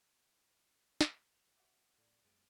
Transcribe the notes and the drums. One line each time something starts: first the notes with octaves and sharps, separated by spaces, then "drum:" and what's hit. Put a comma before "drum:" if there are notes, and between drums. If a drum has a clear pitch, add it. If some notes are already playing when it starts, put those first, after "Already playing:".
drum: snare
F7
F#4 E5 D6
A2 D5
B1 F#2 G#3 B3 A6 D7 D#7